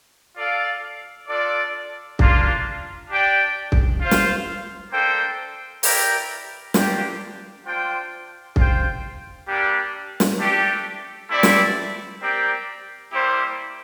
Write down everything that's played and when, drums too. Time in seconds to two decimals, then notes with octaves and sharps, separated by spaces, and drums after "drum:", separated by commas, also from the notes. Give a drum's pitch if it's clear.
0.37 F4 A4 D5 F5
1.28 D4 F4 A4 D5
2.19 A#3 D4 F4, drum: kick
3.10 D4 G4 D5 G5
3.72 drum: kick
4.01 F4 C5 F5
4.11 drum: snare
4.92 A#3 D4 A4 C5 G5
5.83 E4 G4 A#4 D5 G5, drum: open hi-hat
6.74 A#3 D4 G4, drum: snare
7.65 D4 F4 C5 G5
8.56 F4 C5 G5, drum: kick
9.47 G3 A#3 D4 G4
10.20 drum: snare
10.38 A3 D4 G4
11.29 A3 C4 E4 G4 D5
11.43 drum: snare
12.20 C4 G4 A#4 D5 G5
13.12 G3 A#3 E4 G4 C5